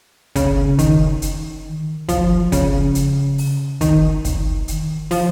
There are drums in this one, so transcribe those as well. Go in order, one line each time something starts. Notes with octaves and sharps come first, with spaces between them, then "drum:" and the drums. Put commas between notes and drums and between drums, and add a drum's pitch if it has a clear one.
C#3, drum: kick, hi-hat
D#3, drum: kick, hi-hat
drum: hi-hat
F3, drum: kick, hi-hat
C#3, drum: kick, hi-hat
drum: hi-hat
drum: open hi-hat
D#3, drum: kick, hi-hat
drum: kick, hi-hat
drum: hi-hat
F3, drum: open hi-hat